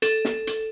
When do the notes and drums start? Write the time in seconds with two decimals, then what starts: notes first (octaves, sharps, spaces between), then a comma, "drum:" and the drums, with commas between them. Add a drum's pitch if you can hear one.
0.02 A4, drum: hi-hat
0.25 drum: snare
0.47 drum: hi-hat